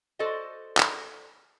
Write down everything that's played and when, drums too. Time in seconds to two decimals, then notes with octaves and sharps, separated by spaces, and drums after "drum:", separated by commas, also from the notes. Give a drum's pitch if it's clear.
0.19 F#4 A4 C5 D5 D#5
0.77 drum: clap